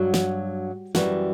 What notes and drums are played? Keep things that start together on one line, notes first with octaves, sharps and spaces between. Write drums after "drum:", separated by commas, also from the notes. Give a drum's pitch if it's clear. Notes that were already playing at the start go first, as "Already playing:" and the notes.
Already playing: G2 F#3 F#4
drum: snare
F#2 E3 G3 F#4, drum: snare